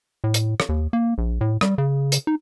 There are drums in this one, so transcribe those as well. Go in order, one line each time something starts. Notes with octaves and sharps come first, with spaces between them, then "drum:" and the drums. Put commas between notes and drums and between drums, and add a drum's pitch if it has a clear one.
A2
drum: hi-hat
drum: rim click
D#2
A#3
A#1
A2
G3, drum: rim click
C#3
drum: hi-hat
D#4